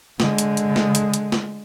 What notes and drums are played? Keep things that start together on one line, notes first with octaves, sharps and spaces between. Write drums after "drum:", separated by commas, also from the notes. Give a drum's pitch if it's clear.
D3 G#3, drum: snare
drum: hi-hat
drum: hi-hat
drum: snare
drum: hi-hat
drum: hi-hat
drum: snare